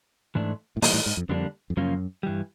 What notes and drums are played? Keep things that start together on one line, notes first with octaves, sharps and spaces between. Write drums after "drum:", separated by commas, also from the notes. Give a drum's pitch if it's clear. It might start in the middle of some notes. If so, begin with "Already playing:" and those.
G#2 E3 A3 D4
A2
A#2 E3 G3 A#3 D#4, drum: open hi-hat
A2
G#2
F2
F2 D3 G3 A#3 D4
F2
F#2 C#3 F3 A#3 C#4 F4
G2 E3 G3